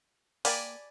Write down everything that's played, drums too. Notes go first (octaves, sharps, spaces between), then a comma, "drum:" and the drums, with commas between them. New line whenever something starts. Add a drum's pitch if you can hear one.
A#3 D5 G5 G#5 B5, drum: open hi-hat